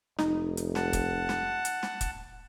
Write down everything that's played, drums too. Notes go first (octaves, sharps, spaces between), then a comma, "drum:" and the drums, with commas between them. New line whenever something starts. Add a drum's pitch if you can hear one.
F1 D#4, drum: snare
drum: hi-hat
F#5 A5, drum: snare
drum: kick, hi-hat
drum: snare
drum: hi-hat
drum: snare
drum: kick, hi-hat